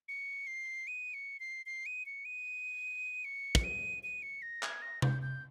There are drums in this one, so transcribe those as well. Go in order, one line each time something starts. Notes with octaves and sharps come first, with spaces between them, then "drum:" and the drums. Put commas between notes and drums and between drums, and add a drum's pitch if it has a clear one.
C#7
C7
D#7
C#7
C7
C7
D#7
C#7
D#7
C#7
drum: kick
D#7
D#7
C#7
A#6
G#6, drum: clap
A#6
G6, drum: tom C3
G6